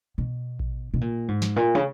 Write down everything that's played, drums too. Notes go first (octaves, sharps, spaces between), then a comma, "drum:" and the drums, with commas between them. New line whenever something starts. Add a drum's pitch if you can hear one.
B2
drum: kick A1
B2
A#2
G#2
drum: snare
A#2
C#3